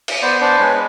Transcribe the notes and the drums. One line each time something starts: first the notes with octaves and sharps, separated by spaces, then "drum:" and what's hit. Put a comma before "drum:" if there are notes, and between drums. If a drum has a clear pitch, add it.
drum: cymbal
B3 C5 D5
D4 C5 D5
G#3 B4 C#5